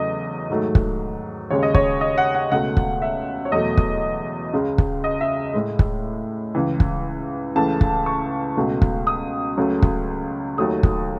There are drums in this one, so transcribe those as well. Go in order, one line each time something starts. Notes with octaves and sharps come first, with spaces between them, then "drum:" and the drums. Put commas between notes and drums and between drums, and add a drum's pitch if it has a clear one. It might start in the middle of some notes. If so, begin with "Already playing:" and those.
Already playing: E2 C#3 F#3 A3 D#5
G#2 D#3 F#3 A3
drum: kick
D#2 C#3 G#3 C#5
D#5
C#5, drum: kick
D#5
F#5
F#5
C#2 B2 A3 F#5
drum: kick
E5
C#5
E2 B2 F#3 A3 D#5
drum: kick
C#2 C#3 G#3
drum: kick
D#5
E5
A2 G#3
drum: kick
C#2 C#3 E3
drum: kick
C#2 C#3 E3 A3 A5
drum: kick
C#6
C#2 B2 A3
drum: kick
D#6
C#2 C#3 F#3 A3
drum: kick
D#2 D#3 F#3 A3 D#6
drum: kick